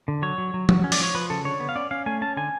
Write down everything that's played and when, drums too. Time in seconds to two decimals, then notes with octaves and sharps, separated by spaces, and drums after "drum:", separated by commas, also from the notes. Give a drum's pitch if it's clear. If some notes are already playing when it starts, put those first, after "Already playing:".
0.08 D3
0.22 F#3 C#5
0.38 F#3
0.54 F#3
0.69 F#3, drum: tom F3
0.84 C#4
0.92 D5, drum: open hi-hat
1.00 F3 C#5
1.15 F3 B4
1.30 C#3 A4
1.45 D3 C#5
1.60 B3
1.69 F5
1.76 C#4 D5
1.91 C#4 F5
2.06 A3 G#5
2.22 C#4 A5
2.37 D3 G#5